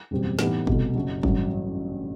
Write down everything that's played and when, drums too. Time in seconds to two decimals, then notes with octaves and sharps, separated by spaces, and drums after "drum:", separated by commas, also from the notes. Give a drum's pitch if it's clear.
0.11 F#1 E2 B2 G3 C4
0.39 A2 E3 B3 D#4 G4, drum: snare
0.67 C2 B2 A3, drum: kick G1
0.95 F#1 F#2 F#3
1.23 A1 G2 F#3, drum: kick G1